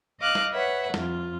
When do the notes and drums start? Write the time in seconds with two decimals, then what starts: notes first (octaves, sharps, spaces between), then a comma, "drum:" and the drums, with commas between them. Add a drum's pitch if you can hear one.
0.20 D#5 F5 D6 F#6
0.35 drum: snare
0.53 B4 C#5 E5 F#5
0.94 F2 F4, drum: snare